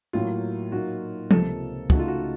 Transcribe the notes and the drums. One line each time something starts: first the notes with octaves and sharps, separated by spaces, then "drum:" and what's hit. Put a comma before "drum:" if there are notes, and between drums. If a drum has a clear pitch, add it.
A2 F#3 A#3 F4
A#2 F#3 A#3 D#4 F#4
C#2 C3 F3 A#3 A4, drum: tom F3
C#2 C#3 A3 D#4 F#4, drum: kick
F4
F#4